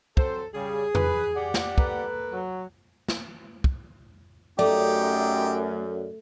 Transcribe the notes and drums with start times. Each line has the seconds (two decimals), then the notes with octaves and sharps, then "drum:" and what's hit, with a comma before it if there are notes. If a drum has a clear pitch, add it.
0.17 F#3 C4 A4 C5, drum: kick
0.54 C#3 G3 G#4
0.95 B4, drum: tom E2
1.36 G4 D5 F#5
1.54 drum: snare
1.78 A#3 A4 B4, drum: kick
2.33 F#3
3.08 drum: snare
3.64 drum: kick
4.59 F#2 A3 D#4 G4 D5